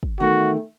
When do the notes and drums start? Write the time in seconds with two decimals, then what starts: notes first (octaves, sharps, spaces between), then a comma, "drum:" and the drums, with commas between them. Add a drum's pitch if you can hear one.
0.03 drum: kick
0.20 E2 D#3 A3 F#4